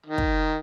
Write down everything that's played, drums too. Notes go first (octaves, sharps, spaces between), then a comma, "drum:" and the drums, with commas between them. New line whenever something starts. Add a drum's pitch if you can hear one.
D#3
drum: kick